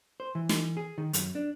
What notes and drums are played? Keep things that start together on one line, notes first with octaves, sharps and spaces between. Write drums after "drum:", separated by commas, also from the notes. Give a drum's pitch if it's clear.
C5
E3
drum: snare
G#4
D#3
F#2, drum: hi-hat
D4